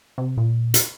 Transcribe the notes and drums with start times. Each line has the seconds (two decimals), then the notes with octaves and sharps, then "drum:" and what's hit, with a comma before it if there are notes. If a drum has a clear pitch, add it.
0.18 C3
0.37 A#2
0.74 drum: hi-hat